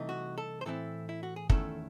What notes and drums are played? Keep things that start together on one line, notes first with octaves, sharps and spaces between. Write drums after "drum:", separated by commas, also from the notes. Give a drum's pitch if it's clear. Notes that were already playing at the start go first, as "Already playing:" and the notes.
Already playing: C2 C3 E3 A3 D#4
F#4
A4
C5
A2 E3 C4 E4 A4
E4
F#4
G#4
E2 D#3 A3 C#4 E4 A4, drum: kick